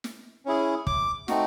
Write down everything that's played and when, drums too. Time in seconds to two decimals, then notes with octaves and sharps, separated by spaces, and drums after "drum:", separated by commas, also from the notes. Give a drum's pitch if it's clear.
0.04 drum: snare
0.46 C#4 E4 G#4
0.87 D6, drum: kick
1.28 A3 C4 D#4 F#4, drum: snare